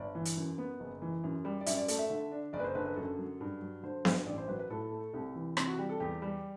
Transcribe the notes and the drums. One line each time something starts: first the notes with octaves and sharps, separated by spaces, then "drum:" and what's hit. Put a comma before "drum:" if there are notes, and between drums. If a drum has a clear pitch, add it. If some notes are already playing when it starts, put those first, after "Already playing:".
Already playing: G1 D5
E3
drum: hi-hat
F#2
B3
F#1
E3
F#2
G3
D5
F#2 E5, drum: hi-hat
D5
A3 D5, drum: hi-hat
E5
D3
D4
F#1 D5
B4
C5
D3 B4
B4
F#2 A4
F#3
G2
F#3
D3 C5
G2, drum: snare B3
A1 D5
C5
F#3 B4
B4
A2 A4
A3
C2
E3
C3, drum: rim click
F#4
G3 G4
A4
E2 G4
G3